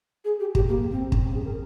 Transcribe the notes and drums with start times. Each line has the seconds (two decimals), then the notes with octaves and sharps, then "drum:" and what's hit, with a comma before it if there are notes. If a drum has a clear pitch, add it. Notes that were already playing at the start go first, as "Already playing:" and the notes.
0.25 G#4
0.40 G4
0.55 G4, drum: kick
0.68 A#3
0.91 C4
1.12 C#4, drum: kick
1.19 C4
1.23 C#4
1.34 G#4
1.45 A#4